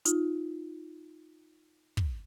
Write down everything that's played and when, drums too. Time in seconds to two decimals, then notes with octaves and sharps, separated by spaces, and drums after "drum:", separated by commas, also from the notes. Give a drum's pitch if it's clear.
0.05 D#4 F4, drum: hi-hat
1.97 drum: kick